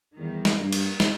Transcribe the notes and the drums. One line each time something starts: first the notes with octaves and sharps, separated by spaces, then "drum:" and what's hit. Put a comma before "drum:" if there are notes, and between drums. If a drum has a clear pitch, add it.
E2 D#3 G3
drum: snare
G2 G3 A#3
drum: cymbal
drum: snare